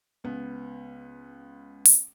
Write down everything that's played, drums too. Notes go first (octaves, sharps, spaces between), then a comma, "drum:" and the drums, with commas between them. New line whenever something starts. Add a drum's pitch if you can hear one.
C#2 B3
drum: open hi-hat